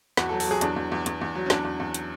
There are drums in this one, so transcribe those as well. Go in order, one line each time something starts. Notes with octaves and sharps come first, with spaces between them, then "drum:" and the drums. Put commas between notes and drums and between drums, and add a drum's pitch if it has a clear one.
E2 F#4, drum: snare
A4
F#3
A4, drum: open hi-hat
F#3 G#4
E2 D4, drum: hi-hat
E2
E2
E2, drum: hi-hat
E2
F#3
C#4
E2 D4, drum: snare
E2
E2
drum: hi-hat